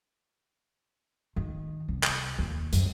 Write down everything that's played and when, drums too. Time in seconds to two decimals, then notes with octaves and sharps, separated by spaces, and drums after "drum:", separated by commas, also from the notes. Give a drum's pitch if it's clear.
1.36 D#3
1.88 C2
2.03 drum: clap
2.38 D#2
2.73 F#2, drum: hi-hat